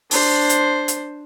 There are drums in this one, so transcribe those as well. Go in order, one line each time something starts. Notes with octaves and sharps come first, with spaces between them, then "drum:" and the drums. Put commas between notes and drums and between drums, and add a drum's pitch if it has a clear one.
D4 C5, drum: open hi-hat
drum: hi-hat
drum: hi-hat